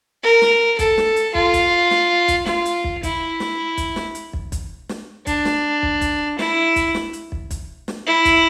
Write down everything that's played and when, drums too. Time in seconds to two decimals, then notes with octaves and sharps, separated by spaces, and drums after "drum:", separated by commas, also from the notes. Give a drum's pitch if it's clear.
0.23 A#4
0.42 drum: snare
0.79 A4, drum: kick, hi-hat
0.98 drum: snare
1.16 drum: hi-hat
1.35 F4, drum: kick
1.54 drum: kick, hi-hat
1.91 drum: snare
2.28 drum: kick, hi-hat
2.46 F4, drum: snare
2.65 drum: hi-hat
2.84 drum: kick
3.03 E4, drum: kick, hi-hat
3.40 drum: snare
3.77 drum: kick, hi-hat
3.96 drum: snare
4.15 drum: hi-hat
4.33 drum: kick
4.52 drum: kick, hi-hat
4.89 drum: snare
5.27 D4, drum: kick, hi-hat
5.45 drum: snare
5.83 drum: kick
6.01 drum: kick, hi-hat
6.39 E4, drum: snare
6.76 drum: kick, hi-hat
6.95 drum: snare
7.13 drum: hi-hat
7.32 drum: kick
7.51 drum: kick, hi-hat
7.88 drum: snare
8.07 E4
8.25 drum: kick, hi-hat